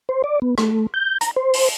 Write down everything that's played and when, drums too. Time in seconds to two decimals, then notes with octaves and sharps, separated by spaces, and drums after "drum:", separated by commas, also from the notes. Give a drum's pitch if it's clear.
0.09 C5
0.24 D5
0.42 B3
0.58 A3, drum: rim click
0.94 G6
1.21 A#5, drum: hi-hat
1.36 C5
1.54 drum: open hi-hat